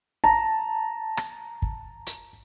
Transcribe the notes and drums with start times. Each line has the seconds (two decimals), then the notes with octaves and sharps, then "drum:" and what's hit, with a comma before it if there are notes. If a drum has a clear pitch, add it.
0.24 A5 A#5
1.17 drum: rim click
1.62 drum: kick
2.07 drum: hi-hat